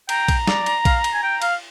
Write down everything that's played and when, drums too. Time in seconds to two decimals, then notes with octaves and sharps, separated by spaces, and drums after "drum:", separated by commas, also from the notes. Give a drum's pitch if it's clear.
0.09 G5 A#5, drum: cymbal
0.28 drum: kick A#1, cymbal
0.47 D5, drum: snare
0.66 drum: cymbal
0.85 F5, drum: kick A#1, cymbal
1.04 drum: cymbal
1.14 G#5
1.23 G5
1.42 F5, drum: cymbal